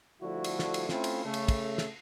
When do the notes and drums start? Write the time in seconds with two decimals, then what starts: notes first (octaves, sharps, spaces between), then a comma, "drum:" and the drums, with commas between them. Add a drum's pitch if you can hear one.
0.22 D3 F3 G3 A3 E4 F#4
0.44 drum: cymbal
0.59 drum: snare
0.74 drum: cymbal
0.89 A3 C4 C#4 E4 F4, drum: snare
1.04 drum: cymbal
1.25 C#3 A3
1.34 drum: cymbal
1.48 drum: kick, cymbal
1.78 drum: snare